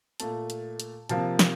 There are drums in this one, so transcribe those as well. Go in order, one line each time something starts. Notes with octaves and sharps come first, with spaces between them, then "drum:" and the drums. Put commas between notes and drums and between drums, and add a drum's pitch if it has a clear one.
A#2 A3 A5, drum: hi-hat
drum: hi-hat
drum: hi-hat
C3 F3 A#3 A5, drum: hi-hat
drum: snare